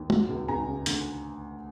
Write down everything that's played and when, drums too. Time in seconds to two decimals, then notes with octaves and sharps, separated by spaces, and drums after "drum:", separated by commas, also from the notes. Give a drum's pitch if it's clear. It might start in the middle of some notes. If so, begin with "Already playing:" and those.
Already playing: D#2
0.10 F#3, drum: tom
0.29 C#2
0.48 C#2 G#5 A#5
0.67 C#3
0.86 D2, drum: hi-hat